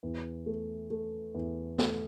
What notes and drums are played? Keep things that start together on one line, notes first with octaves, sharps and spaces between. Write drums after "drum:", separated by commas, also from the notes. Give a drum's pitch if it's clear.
E2
A3
A3
E2
A3, drum: snare